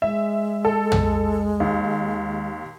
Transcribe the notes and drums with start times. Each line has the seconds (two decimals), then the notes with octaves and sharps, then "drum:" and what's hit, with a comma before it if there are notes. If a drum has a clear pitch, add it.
0.02 G#3 E5
0.65 A4
0.92 drum: tom
1.60 D#2